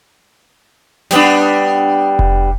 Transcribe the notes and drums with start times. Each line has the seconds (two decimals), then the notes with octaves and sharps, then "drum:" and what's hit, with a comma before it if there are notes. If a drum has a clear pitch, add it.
1.11 G3 B3 D4, drum: snare
2.19 drum: kick F1